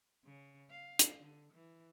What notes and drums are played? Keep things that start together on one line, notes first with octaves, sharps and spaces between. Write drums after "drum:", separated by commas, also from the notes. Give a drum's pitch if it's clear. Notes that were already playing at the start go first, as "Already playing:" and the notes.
C#3
F5
drum: hi-hat
D3
E3